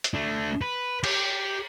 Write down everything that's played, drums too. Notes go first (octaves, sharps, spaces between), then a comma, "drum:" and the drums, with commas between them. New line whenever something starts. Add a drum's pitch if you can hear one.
drum: hi-hat
A3 D4
B4
G4 G5, drum: cymbal